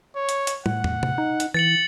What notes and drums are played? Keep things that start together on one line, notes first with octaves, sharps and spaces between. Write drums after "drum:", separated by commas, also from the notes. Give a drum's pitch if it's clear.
C#5
drum: hi-hat
drum: hi-hat
A2 F#5, drum: tom
drum: tom
drum: tom
D#4
drum: hi-hat
E3 A6 C#7 F#7